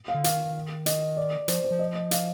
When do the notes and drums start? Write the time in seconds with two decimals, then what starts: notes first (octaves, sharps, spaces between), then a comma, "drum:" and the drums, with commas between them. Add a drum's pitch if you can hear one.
0.08 F5
0.14 D3
0.24 D#3 F5, drum: hi-hat
0.86 D#5, drum: hi-hat
1.17 D5
1.48 F3 C5, drum: hi-hat
1.64 C5
1.71 F3
1.79 D#5
1.95 D#5
2.11 F5, drum: hi-hat